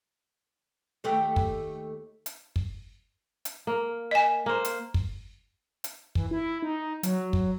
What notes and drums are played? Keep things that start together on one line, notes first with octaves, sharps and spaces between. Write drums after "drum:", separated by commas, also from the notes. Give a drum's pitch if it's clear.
D#2 A3 G4
drum: kick
drum: hi-hat
drum: kick
drum: hi-hat
A#3
D#5 G#5
A#3 C5
drum: hi-hat
drum: kick
drum: hi-hat
E3, drum: kick
E4
D#4
F#3, drum: hi-hat
drum: kick